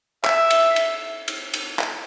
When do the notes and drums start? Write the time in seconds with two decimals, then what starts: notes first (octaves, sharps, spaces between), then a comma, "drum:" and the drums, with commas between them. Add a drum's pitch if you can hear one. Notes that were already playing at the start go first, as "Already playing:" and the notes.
0.25 E5, drum: clap
0.50 drum: cymbal
0.76 drum: cymbal
1.28 drum: cymbal
1.54 drum: cymbal
1.79 drum: clap